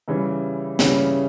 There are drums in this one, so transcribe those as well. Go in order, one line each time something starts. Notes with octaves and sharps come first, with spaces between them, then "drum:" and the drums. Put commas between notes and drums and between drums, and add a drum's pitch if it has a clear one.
C#3 E3 G3 C#4
C#3 E3 G3 C#4, drum: snare